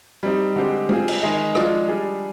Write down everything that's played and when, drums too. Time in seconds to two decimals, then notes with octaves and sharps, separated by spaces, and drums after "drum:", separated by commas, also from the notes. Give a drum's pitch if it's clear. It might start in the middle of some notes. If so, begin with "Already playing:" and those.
0.23 G3 C4 D#4
0.56 D3 G#3 C4 G4
0.89 C4 F4 G#4, drum: tom
1.08 drum: cymbal
1.22 D#3 G#3 D#4 G#4 D#5
1.55 F3 G#3 D4 F4, drum: rim click
1.88 G3 D4 G#4